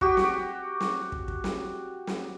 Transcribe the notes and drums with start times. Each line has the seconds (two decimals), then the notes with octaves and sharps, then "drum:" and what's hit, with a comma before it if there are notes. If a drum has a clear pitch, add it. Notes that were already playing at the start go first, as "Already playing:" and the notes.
0.01 F#4 G4, drum: kick
0.17 drum: snare
0.80 drum: snare
1.12 drum: kick
1.28 drum: kick
1.44 drum: snare
2.07 drum: snare